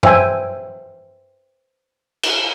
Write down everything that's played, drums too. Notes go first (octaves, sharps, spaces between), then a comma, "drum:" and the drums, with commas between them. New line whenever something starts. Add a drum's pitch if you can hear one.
B4 C5 E5 G5 G#5, drum: tom F#2
drum: cymbal